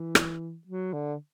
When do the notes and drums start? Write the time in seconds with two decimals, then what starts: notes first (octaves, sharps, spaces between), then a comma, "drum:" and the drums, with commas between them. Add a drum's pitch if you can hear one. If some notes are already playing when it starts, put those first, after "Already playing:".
Already playing: E3
0.15 drum: rim click
0.67 F#3
0.93 D3